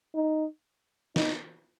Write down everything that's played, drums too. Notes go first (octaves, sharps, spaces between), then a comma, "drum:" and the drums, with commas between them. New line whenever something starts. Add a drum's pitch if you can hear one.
D#4
D#4, drum: snare